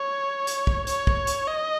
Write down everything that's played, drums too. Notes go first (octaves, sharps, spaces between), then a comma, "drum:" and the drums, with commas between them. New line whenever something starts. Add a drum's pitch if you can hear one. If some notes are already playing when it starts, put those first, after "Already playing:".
Already playing: C#5
drum: hi-hat
drum: kick
C#5, drum: hi-hat
drum: kick
drum: hi-hat
D#5